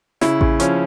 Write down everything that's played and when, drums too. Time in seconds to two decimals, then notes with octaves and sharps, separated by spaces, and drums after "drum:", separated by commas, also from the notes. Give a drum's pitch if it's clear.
0.21 C#3 E4, drum: snare
0.41 C#3, drum: kick A1
0.60 F3 C#4, drum: hi-hat